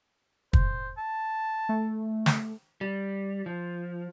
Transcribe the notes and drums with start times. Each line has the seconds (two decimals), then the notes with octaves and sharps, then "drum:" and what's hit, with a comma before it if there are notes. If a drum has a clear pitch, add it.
0.53 C5, drum: kick
0.98 A5
1.69 A3
2.26 drum: snare
2.81 G3
3.46 F3